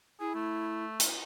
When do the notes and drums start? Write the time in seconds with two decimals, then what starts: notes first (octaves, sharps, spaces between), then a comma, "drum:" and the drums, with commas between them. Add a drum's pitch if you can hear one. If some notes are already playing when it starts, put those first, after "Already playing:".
0.20 E4 G#4
0.35 A3
1.00 drum: hi-hat